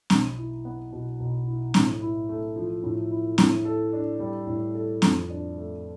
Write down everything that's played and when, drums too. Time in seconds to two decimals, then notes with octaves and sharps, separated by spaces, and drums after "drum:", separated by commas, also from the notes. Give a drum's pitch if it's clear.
0.10 B1, drum: snare C4
0.38 E4
0.65 B3
0.93 B2
1.20 B1
1.47 E4
1.74 A2, drum: snare C4
2.01 E4
2.29 A3
2.56 F3
2.83 A2
3.11 E4
3.38 A2, drum: snare C4
3.65 A4
3.93 D4
4.20 G3
4.47 A2
4.75 A4
5.02 F2, drum: snare C4
5.30 D4
5.57 A3